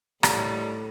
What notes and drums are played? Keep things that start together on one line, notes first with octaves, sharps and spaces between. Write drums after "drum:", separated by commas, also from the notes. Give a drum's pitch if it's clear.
A2 D3 D#3 G3, drum: rim click